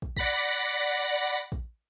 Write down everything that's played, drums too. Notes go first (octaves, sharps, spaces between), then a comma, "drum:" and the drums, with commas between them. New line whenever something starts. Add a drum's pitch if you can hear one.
drum: kick
D5 F#5 B5 A#6 B6, drum: kick
drum: kick